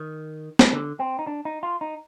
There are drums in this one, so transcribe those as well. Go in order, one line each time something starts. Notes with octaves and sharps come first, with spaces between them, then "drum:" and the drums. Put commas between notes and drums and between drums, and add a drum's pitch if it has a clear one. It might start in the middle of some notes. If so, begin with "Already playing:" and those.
Already playing: D#3
drum: snare B3
D3
C4
D#4
D4
D#4
F4
D#4